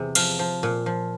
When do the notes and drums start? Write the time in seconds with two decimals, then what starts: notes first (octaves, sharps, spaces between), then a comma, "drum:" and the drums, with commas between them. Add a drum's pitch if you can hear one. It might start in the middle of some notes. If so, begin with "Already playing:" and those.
Already playing: E2 C3 G#4
0.15 F3 F5, drum: cymbal
0.39 F3
0.63 A#2
0.86 F3